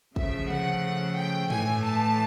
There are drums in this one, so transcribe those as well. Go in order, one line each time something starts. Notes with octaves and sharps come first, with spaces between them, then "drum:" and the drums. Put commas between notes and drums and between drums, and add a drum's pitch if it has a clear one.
C#3 F3 A3 E5, drum: kick
F#5, drum: tom C3
G5
A2 E3 A3 G#5, drum: tom G2
A5